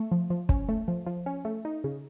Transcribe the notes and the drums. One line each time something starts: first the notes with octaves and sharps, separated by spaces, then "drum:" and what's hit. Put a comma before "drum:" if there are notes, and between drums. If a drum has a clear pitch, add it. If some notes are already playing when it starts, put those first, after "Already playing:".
Already playing: A3
F3
F3
C#4, drum: kick
A3
F3
F3
C#4
A3
D#4
C#3